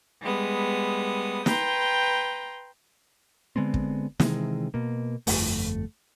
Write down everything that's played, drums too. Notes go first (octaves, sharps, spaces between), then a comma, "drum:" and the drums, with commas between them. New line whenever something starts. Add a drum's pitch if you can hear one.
G3 G#3 B3 D#6
B4 G5 A#5 C6, drum: snare
D3 G#3 B3 C4
drum: kick
C3 D#3 E3 G#3, drum: snare
B2 A#3
G1 F2 A3, drum: open hi-hat